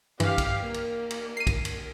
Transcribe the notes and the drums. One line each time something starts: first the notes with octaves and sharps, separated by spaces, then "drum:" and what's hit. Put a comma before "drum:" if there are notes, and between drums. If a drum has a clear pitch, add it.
G2 E3 G4 F5, drum: cymbal
drum: kick, cymbal
A#3
drum: cymbal
drum: cymbal
C7 D#7
drum: kick, cymbal
drum: cymbal